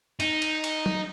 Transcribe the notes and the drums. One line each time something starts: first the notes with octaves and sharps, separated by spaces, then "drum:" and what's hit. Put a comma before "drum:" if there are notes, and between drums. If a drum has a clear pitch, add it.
D#4, drum: cymbal
drum: cymbal
drum: cymbal
drum: tom F#3